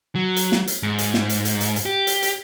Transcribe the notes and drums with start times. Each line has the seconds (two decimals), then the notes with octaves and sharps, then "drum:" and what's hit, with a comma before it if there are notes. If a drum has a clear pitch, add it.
0.15 F#3
0.36 drum: hi-hat
0.52 drum: snare
0.67 drum: hi-hat
0.83 G#2
0.98 drum: hi-hat
1.14 drum: snare
1.29 drum: hi-hat
1.45 drum: hi-hat
1.60 drum: hi-hat
1.76 drum: hi-hat
1.86 G4
2.07 drum: hi-hat
2.22 drum: hi-hat